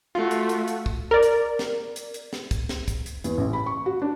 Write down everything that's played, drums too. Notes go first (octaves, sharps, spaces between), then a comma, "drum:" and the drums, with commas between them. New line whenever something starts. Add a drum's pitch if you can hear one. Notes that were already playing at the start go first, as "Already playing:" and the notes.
A3 F4 F#4
drum: hi-hat
drum: hi-hat
drum: hi-hat
drum: kick
A#4 D5
drum: hi-hat
drum: snare
drum: hi-hat
drum: hi-hat
drum: snare
drum: kick, hi-hat
drum: snare
drum: kick, hi-hat
drum: hi-hat
E2, drum: hi-hat
A1
B5
C#6
F#4
D4